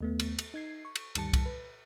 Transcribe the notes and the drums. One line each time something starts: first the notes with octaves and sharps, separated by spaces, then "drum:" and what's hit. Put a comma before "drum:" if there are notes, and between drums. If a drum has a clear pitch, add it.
D#2 A3 B3
drum: cymbal
drum: cymbal
D#4 G#6 C7
C#6
drum: cymbal
D2 G2 D#3 G3 A5 C#7, drum: cymbal
drum: kick C2, cymbal
B4